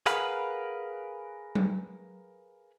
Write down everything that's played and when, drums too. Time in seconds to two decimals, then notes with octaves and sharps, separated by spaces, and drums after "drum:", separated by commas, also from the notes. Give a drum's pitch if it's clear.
0.06 G#4 A#4 B4 F5 F#5 B5, drum: hi-hat
1.55 drum: tom F#3